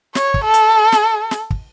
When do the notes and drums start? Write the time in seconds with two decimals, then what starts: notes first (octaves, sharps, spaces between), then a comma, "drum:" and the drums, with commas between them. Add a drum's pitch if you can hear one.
0.15 C#5, drum: snare
0.34 drum: kick
0.44 A4
0.54 drum: hi-hat
0.92 drum: snare
1.31 drum: snare
1.50 drum: kick